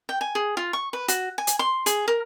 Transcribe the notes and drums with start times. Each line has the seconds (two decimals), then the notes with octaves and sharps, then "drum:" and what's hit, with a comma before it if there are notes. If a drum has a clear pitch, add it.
0.09 G5
0.21 G#5
0.35 G#4
0.57 F4
0.73 C#6
0.93 B4
1.08 F#4, drum: hi-hat
1.38 G#5
1.47 drum: hi-hat
1.59 C6
1.86 G#4, drum: hi-hat
2.08 A#4